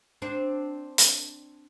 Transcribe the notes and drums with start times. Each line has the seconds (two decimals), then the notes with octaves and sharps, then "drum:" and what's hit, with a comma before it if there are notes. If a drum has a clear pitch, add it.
0.22 C4 D4
0.98 drum: hi-hat